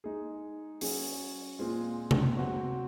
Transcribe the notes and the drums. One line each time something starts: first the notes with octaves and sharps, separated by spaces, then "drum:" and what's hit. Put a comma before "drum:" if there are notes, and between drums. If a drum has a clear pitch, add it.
G#3 D#4 G#4
F#3 C#4 G#4, drum: open hi-hat
A#2 G#3 C4 F4 G#4
drum: tom C3
F#3 C4 F#4